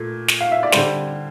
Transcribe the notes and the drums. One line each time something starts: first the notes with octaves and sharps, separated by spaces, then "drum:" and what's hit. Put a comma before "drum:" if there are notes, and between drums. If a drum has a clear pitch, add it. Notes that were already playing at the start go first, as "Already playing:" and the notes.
Already playing: A#2 A3
drum: snare
F5
E5
D5
D3 G3 C5, drum: snare